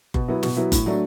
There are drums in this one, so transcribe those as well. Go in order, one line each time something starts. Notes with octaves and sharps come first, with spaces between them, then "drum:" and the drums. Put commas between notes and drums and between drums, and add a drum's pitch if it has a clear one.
B2, drum: kick F#1
F#3 B3 E4
B2, drum: snare
F#3 B3 E4
A2, drum: kick F#1, hi-hat
F#3 A3 D4